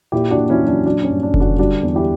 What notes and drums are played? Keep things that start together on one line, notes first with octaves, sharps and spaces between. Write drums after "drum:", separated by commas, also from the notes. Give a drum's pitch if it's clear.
A#2 E4 G4
D4 F#4
A#2
C#4 E4
F#3
D4
F#3 D4
C#4
G2
D4
D3, drum: kick F1
D4 F#4
G3 D4 F#4
E2
E4 G4